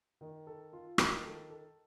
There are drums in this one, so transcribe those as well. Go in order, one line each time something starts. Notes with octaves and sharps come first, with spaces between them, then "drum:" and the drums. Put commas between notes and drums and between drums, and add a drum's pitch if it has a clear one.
D#3
A4
F4
D#3, drum: rim click
A4
A4